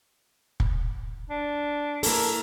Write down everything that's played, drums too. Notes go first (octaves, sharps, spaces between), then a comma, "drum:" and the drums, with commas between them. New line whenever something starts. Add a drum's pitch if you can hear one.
drum: kick
D4
A#3 E4 A4 A#4, drum: open hi-hat